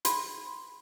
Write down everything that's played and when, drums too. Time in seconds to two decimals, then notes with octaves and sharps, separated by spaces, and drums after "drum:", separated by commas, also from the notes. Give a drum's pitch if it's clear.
0.05 B5 C6, drum: hi-hat